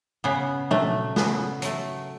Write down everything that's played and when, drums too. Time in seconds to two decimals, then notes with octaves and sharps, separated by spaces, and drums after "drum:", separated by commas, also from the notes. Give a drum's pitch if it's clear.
0.24 C#3 B3
0.71 F#3 A3, drum: tom
1.16 C#3 B3, drum: snare
1.62 F#3 A3, drum: hi-hat